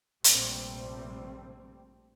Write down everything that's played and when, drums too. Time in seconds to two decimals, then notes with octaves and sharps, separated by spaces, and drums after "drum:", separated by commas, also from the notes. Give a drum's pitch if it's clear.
0.24 A#1 G2 C3 G3 A3 C4, drum: hi-hat